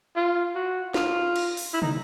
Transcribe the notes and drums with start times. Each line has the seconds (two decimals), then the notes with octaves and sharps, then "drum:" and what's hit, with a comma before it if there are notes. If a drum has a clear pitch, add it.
0.16 F4
0.55 F#4
0.94 F4, drum: snare
1.36 drum: cymbal
1.57 drum: open hi-hat
1.74 E4
1.82 D#4, drum: tom